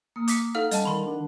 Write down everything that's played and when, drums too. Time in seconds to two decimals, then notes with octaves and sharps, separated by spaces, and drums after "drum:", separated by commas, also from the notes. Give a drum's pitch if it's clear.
0.16 A#3 D#6
0.28 D6 B6 C#7, drum: hi-hat
0.55 D#4 A4 F5 F#5 F6
0.71 G3 C#4 D#5 A5, drum: hi-hat
0.85 D#3 B5 C6
1.06 D4